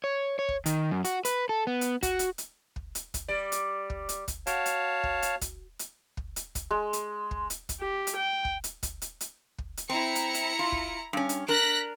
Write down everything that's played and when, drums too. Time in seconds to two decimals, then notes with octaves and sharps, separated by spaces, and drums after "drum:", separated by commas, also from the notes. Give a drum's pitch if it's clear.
0.04 C#5
0.39 C#5
0.48 drum: kick
0.66 D#3, drum: hi-hat
0.91 F#2
1.05 F#4, drum: hi-hat
1.25 B4, drum: hi-hat
1.49 A4
1.67 B3
1.81 drum: hi-hat
2.03 F#4, drum: kick, hi-hat
2.19 drum: hi-hat
2.38 drum: hi-hat
2.76 drum: kick
2.95 drum: hi-hat
3.14 drum: kick, hi-hat
3.28 G3 D5
3.52 drum: hi-hat
3.90 drum: kick
4.09 drum: hi-hat
4.28 drum: kick, hi-hat
4.47 F#4 C#5 F5 A5, drum: hi-hat
4.66 drum: hi-hat
5.03 drum: kick
5.22 drum: hi-hat
5.41 drum: kick, hi-hat
5.79 drum: hi-hat
6.17 drum: kick
6.36 drum: hi-hat
6.55 drum: kick, hi-hat
6.71 G#3
6.93 drum: hi-hat
7.31 drum: kick
7.50 drum: hi-hat
7.69 drum: kick, hi-hat
7.80 G4
8.07 drum: hi-hat
8.17 G5
8.45 drum: kick
8.64 drum: hi-hat
8.83 drum: kick, hi-hat
9.02 drum: hi-hat
9.21 drum: hi-hat
9.58 drum: kick
9.77 drum: hi-hat
9.89 C4 E4 A#5 C#7
10.15 drum: hi-hat
10.34 drum: hi-hat
10.59 F4
10.72 drum: kick
11.13 G2 C#4
11.29 drum: hi-hat
11.48 D4 A#4 F#6 A#6 B6